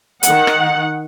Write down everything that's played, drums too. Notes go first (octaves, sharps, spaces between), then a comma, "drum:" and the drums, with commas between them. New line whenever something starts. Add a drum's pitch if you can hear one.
D#3 F#5, drum: hi-hat
drum: rim click